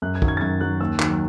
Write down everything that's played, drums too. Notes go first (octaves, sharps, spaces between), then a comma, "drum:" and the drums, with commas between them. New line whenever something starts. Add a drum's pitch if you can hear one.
F#2 F#6
G#6
D#3 F#3, drum: kick
G#6
A6
F#2 G#6
D#3 F#3 F#6
D#2 E6
D#3 F#3, drum: clap